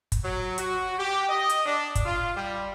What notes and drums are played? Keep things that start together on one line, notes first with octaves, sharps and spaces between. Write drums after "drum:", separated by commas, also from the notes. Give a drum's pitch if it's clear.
drum: kick, hi-hat
F#3
F#4, drum: hi-hat
G4
D#5
drum: hi-hat
D4
drum: kick, hi-hat
F4
G3